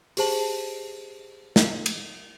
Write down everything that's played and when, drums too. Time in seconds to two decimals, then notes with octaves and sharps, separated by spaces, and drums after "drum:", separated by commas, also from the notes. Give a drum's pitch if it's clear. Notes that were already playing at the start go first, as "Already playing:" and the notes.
0.17 G4 G#4 C5 A5 F#7, drum: open hi-hat
1.56 drum: snare
1.86 drum: cymbal